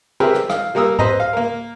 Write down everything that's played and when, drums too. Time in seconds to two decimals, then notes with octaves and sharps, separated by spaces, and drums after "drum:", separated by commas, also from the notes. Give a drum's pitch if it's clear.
0.20 C4 G4 G#4 A#4 B4 E5
0.34 drum: rim click
0.50 F5, drum: rim click
0.75 G3 A#3 A#4 D#6 E6
0.99 B4 C5 D#5 A#5, drum: tom G#2
1.20 F5
1.33 A#3 A#4